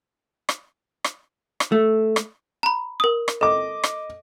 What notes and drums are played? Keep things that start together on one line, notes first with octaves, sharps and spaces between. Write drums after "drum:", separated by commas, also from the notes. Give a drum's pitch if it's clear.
drum: rim click
drum: rim click
drum: rim click
A3
drum: rim click
A#5 B5
A#4 D#6
drum: rim click
A4 D#5 D6
drum: rim click